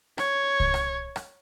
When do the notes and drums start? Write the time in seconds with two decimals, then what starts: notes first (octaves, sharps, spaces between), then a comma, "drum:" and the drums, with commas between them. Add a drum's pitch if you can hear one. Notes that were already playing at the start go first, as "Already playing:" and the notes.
0.18 C#5, drum: rim click
0.60 drum: kick C2
0.74 drum: rim click
1.16 drum: rim click